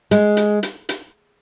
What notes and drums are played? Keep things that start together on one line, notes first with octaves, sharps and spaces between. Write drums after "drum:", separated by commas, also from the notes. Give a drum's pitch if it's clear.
G#3, drum: hi-hat
drum: hi-hat
drum: hi-hat
drum: hi-hat